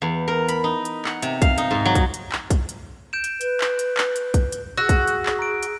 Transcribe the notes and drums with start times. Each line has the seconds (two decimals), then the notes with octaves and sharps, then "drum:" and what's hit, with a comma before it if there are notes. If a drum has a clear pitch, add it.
0.02 E2
0.28 A#4
0.49 B5, drum: hi-hat
0.64 D#4
0.85 drum: hi-hat
1.05 F#5, drum: clap
1.22 C3, drum: hi-hat
1.42 F5, drum: kick, hi-hat
1.58 D#4, drum: hi-hat
1.71 G#2
1.85 F#3
1.95 drum: kick, hi-hat
2.14 drum: hi-hat
2.32 drum: clap
2.50 drum: kick, hi-hat
2.69 drum: hi-hat
3.13 G6 D7 E7
3.24 drum: hi-hat
3.41 B4, drum: hi-hat
3.61 drum: clap
3.79 drum: hi-hat
3.97 drum: clap
4.16 drum: hi-hat
4.34 drum: kick, hi-hat
4.52 drum: hi-hat
4.77 F#4 G#4 E6 F#6 A#6
4.89 drum: kick, hi-hat
5.08 drum: hi-hat
5.26 drum: clap
5.39 A#5 D7
5.63 drum: hi-hat